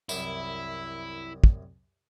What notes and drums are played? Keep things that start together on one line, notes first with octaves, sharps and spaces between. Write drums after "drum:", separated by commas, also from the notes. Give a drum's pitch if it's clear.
C2 F#2 E4, drum: tambourine
drum: kick